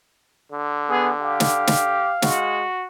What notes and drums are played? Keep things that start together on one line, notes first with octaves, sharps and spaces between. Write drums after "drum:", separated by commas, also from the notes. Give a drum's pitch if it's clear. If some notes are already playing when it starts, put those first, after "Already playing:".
D3
B3 G#4
G4 F5
drum: snare
drum: snare
G#3 F#4, drum: snare